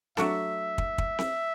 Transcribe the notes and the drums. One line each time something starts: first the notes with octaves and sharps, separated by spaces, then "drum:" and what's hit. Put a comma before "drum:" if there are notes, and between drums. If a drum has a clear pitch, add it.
F#3 A3 D4 F#4 A4 E5, drum: snare C4
drum: kick
drum: kick
drum: snare C4